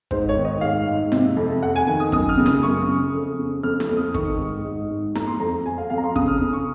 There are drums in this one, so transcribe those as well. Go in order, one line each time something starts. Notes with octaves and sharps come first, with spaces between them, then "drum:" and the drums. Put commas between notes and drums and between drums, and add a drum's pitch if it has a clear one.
G#2 C5, drum: kick
C#5
D#3
D#5
G#2 F5
G#2
C3, drum: snare E4
F2
F2 F#5
G#5
D#3 G#5
D#6
F#2 D#6, drum: kick
F6
C#3
D#6, drum: snare E4
F#2 C#6
C#3
F2
C#3
F2 F6
F6, drum: snare E4
F2
D#6
D#3 C#6, drum: kick
G#2
G#2
G#2
F2 A#5, drum: snare E4
C6
F2 A#5
F2 G#5
F5
F2 F5
A#5
C6
C#3 D#6, drum: kick
F6
C#3
C#6